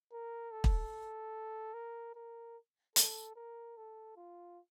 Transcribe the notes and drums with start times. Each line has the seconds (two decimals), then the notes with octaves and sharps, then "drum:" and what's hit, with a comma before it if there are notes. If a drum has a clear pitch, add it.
0.13 A#4
0.52 A4
0.64 drum: kick
1.74 A#4
2.15 A#4
2.96 A4, drum: hi-hat
3.36 A#4
3.77 A4
4.17 F4